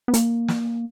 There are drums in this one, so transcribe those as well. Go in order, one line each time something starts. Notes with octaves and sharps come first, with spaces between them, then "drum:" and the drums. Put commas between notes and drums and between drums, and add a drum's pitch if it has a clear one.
B3
A#3, drum: hi-hat
drum: snare